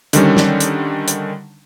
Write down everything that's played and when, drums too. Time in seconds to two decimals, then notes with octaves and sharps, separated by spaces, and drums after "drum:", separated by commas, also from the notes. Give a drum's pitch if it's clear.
0.13 D3 D#3 G3 C#4, drum: hi-hat
0.37 drum: snare
0.60 drum: hi-hat
1.08 drum: hi-hat